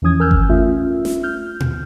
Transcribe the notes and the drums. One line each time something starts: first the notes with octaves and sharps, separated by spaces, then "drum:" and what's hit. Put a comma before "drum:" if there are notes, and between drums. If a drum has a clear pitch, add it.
E2 E3 F3 C#4 D#6 G#6
A#4 G#5 E6 F6 G6
drum: kick G1
A3 C#4 F4 E5
drum: snare
F6 G6
drum: tom A#2